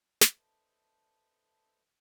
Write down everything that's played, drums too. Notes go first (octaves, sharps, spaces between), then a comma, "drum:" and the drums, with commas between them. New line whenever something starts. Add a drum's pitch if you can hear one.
D4 A4 B4 C5 D#5 E5, drum: snare